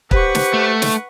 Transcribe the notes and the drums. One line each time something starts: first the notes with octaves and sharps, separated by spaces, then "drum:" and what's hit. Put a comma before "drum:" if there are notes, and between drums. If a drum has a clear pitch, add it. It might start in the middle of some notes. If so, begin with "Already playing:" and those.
G4 B4 C5 F#5 C#6, drum: kick
drum: snare
A3
drum: snare